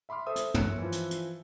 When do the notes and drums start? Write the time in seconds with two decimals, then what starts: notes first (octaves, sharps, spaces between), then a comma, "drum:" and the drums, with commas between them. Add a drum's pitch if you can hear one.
0.09 E5 B5 C6 D6 F6
0.26 A4 C5 E5 D#6 E6
0.36 drum: hi-hat
0.54 F#2 C#5 F#6 C#7, drum: tom
0.79 E3 F3
0.92 drum: hi-hat
1.11 drum: hi-hat